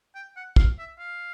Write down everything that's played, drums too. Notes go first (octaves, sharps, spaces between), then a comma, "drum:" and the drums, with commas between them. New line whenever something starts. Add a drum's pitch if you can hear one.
G5
F#5
F5, drum: kick
E5
F5